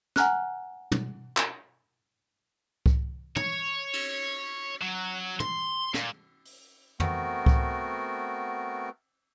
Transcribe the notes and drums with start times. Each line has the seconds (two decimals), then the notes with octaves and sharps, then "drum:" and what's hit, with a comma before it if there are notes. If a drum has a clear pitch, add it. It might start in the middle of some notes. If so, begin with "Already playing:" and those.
0.16 F#5 G#5 A#5 F6 F#6, drum: snare
0.92 drum: tom
1.37 drum: clap
2.86 drum: kick C2
3.36 C#5, drum: tom
3.93 drum: cymbal
4.81 F#3
5.40 C6, drum: tom
5.94 A#2, drum: snare
6.45 drum: open hi-hat
7.00 A3 B3 C4 F#4 A#4, drum: tom
7.46 drum: kick C2